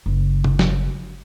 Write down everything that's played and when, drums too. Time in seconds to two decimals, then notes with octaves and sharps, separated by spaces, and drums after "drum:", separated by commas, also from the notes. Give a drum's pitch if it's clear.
0.06 F#1
0.44 drum: tom
0.59 drum: snare